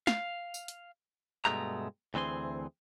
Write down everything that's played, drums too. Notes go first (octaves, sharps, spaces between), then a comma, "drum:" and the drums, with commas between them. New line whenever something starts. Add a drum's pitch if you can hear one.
F5, drum: snare
drum: tambourine
drum: hi-hat
G2 B2 G#3 A3 A#5, drum: clap
D2 E3 C4 G#4 C6